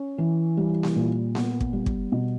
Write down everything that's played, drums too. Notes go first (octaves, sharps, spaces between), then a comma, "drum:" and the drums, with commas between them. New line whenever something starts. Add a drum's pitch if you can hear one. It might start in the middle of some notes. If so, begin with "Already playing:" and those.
Already playing: C#4
E3
G3
drum: snare A#3
A#2
B3, drum: snare A#3
drum: kick
G3
drum: kick
B2